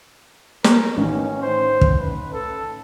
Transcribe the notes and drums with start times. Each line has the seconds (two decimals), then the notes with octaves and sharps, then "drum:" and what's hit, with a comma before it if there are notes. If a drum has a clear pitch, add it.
0.64 A#4, drum: snare
0.97 A1 D#3 C#4
1.42 C5
1.81 drum: kick
1.99 B4
2.33 A4